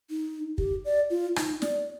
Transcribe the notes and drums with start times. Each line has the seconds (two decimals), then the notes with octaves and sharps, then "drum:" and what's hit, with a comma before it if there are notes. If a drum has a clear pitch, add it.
0.10 D#4
0.58 G4, drum: kick
0.85 D5
1.10 F4
1.36 D#4, drum: rim click
1.62 D5, drum: snare